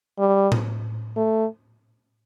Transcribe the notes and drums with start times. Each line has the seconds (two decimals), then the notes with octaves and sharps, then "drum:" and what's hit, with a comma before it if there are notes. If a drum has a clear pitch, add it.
0.19 G3
0.52 drum: tom A2
1.16 A3